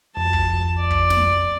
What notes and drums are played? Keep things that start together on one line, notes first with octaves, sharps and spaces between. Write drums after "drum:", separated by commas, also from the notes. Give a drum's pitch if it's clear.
F2 A5
drum: kick
D5
drum: kick
drum: snare